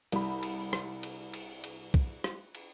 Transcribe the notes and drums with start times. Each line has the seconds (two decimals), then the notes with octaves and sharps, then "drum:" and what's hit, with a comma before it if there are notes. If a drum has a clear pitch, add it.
0.12 C2 B5, drum: cymbal
0.43 drum: cymbal
0.73 drum: rim click
1.03 drum: cymbal
1.33 drum: cymbal
1.64 drum: cymbal
1.94 drum: kick B1
2.24 drum: rim click
2.55 drum: cymbal